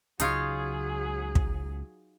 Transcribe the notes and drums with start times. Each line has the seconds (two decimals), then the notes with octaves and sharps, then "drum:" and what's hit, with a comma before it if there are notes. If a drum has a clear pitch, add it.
0.20 C#2 F#3 D#4 F4 G#4 C#5, drum: hi-hat
1.35 drum: kick